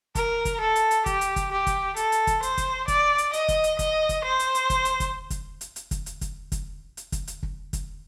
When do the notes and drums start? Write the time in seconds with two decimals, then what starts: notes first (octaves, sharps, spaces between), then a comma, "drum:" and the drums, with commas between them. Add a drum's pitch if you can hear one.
0.15 A#4, drum: kick, hi-hat
0.45 drum: kick, hi-hat
0.60 A4
0.76 drum: hi-hat
0.91 drum: hi-hat
1.06 G4, drum: kick, hi-hat
1.21 drum: hi-hat
1.36 drum: kick, hi-hat
1.52 G4
1.67 drum: kick, hi-hat
1.96 A4, drum: hi-hat
2.12 drum: hi-hat
2.27 drum: kick, hi-hat
2.43 C5, drum: hi-hat
2.58 drum: kick, hi-hat
2.88 D5, drum: kick, hi-hat
3.18 drum: hi-hat
3.33 D#5, drum: hi-hat
3.48 drum: kick, hi-hat
3.64 drum: hi-hat
3.79 D#5, drum: kick, hi-hat
4.09 drum: kick, hi-hat
4.24 C5
4.39 drum: hi-hat
4.55 drum: hi-hat
4.70 drum: kick, hi-hat
4.85 drum: hi-hat
5.00 drum: kick, hi-hat
5.30 drum: kick, hi-hat
5.61 drum: hi-hat
5.76 drum: hi-hat
5.91 drum: kick, hi-hat
6.06 drum: hi-hat
6.21 drum: kick, hi-hat
6.52 drum: kick, hi-hat
6.97 drum: hi-hat
7.12 drum: kick, hi-hat
7.27 drum: hi-hat
7.43 drum: kick
7.73 drum: kick, hi-hat